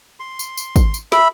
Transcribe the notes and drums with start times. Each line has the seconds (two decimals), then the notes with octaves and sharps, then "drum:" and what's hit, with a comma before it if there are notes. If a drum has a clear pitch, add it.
0.20 C6
0.39 drum: tambourine
0.57 drum: tambourine
0.76 drum: kick G#1, tambourine
0.94 drum: tambourine
1.12 E5 B5, drum: snare